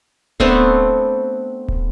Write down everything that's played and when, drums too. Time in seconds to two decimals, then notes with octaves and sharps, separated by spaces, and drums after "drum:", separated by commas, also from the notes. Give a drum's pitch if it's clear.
0.40 A3 B3 C4 D4, drum: kick D1
1.68 drum: kick D1